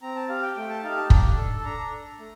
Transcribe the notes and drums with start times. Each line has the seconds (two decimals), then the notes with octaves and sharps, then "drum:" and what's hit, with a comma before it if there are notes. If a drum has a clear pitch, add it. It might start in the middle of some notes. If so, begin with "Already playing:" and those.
0.02 C4 A#5
0.16 A5
0.29 G4 F5
0.43 G5
0.56 A3 G5
0.69 A5
0.84 D#4 G4 F5
0.97 A5
1.10 D4, drum: kick
1.37 A4
1.60 A5
1.65 D4 A#5
1.92 A4
2.19 A3